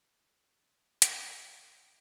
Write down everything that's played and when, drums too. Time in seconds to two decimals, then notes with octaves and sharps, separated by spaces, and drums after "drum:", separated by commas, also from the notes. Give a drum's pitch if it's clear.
0.15 F#4
0.54 E5
1.02 G3 C#4, drum: hi-hat
1.69 G#3 C#4 F4 F5 A5